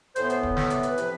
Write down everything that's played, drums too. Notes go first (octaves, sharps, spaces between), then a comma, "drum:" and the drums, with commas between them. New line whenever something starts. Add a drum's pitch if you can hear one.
A2 E3 B3 C5, drum: hi-hat
drum: hi-hat
drum: kick
E5, drum: snare
D5, drum: hi-hat
B4, drum: hi-hat
C3 F3, drum: hi-hat